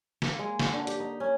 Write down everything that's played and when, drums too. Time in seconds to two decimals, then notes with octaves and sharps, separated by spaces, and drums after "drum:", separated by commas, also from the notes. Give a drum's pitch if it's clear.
0.22 A#3, drum: snare
0.39 G#3
0.59 F#4, drum: snare
0.74 D3
0.87 G4, drum: hi-hat
1.00 D#4
1.20 C#4